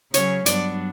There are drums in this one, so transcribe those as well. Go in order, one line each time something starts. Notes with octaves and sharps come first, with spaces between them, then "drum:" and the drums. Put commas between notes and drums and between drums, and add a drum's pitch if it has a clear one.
C#3 F#3 C#4 C#5, drum: hi-hat
G2 F#3 B3 D4 D5, drum: hi-hat